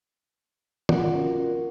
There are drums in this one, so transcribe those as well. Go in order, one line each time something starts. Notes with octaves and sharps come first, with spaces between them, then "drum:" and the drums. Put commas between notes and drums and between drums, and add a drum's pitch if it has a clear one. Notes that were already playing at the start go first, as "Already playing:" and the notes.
F4 F#5, drum: tom
C#4 F#4 A#4